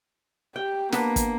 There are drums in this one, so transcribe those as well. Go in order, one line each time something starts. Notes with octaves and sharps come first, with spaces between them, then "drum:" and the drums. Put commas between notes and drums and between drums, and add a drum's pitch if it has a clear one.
G4 G5
A#3 B3 D4, drum: snare
drum: kick, hi-hat